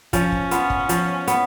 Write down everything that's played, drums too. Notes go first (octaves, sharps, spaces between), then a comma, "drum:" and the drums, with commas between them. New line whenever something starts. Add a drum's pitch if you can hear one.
F3 C#4, drum: kick, hi-hat
drum: kick
B3 F4, drum: hi-hat
drum: kick
F3, drum: hi-hat
B3, drum: hi-hat